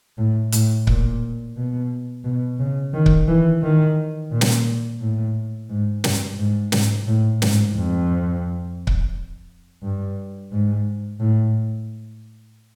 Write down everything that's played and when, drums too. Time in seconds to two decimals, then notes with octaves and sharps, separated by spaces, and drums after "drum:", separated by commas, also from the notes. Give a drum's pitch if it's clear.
0.18 A2
0.52 A2, drum: hi-hat
0.87 A#2, drum: kick C#1
1.56 B2
2.24 B2
2.59 C#3
2.94 D#3
3.06 drum: kick C#1
3.28 E3
3.62 D#3
4.31 A#2
4.41 drum: snare
5.00 A2
5.69 G#2
6.04 G2, drum: snare
6.38 G#2
6.72 G#2, drum: snare
7.07 A2
7.42 G#2, drum: snare
7.76 F2
8.87 drum: kick C#1
9.83 G2
10.52 G#2
11.20 A2